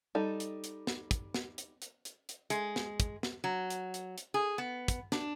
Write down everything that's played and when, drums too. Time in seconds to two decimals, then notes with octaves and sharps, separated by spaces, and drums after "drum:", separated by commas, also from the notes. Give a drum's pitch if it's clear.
0.15 G3 D#4 A4
0.40 drum: hi-hat
0.64 drum: hi-hat
0.87 drum: snare
1.11 drum: kick, hi-hat
1.34 drum: snare
1.58 drum: hi-hat
1.82 drum: hi-hat
2.05 drum: hi-hat
2.29 drum: hi-hat
2.50 G#3, drum: hi-hat
2.76 drum: snare
3.00 drum: kick, hi-hat
3.23 drum: snare
3.44 F#3
3.70 drum: hi-hat
3.94 drum: hi-hat
4.18 drum: hi-hat
4.34 G#4
4.58 B3
4.88 drum: kick, hi-hat
5.12 D4, drum: snare